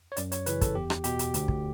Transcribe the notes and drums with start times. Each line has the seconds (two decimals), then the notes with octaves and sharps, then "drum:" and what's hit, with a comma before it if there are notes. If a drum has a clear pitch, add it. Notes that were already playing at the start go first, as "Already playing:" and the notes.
0.12 C#5
0.17 F#2 D5, drum: hi-hat
0.32 C#5, drum: hi-hat
0.46 C#3 E3 B4, drum: hi-hat
0.61 A4, drum: kick, hi-hat
0.75 E2 G4
0.90 drum: rim click
1.04 B2 G4, drum: hi-hat
1.19 drum: hi-hat
1.34 D2, drum: hi-hat
1.48 drum: kick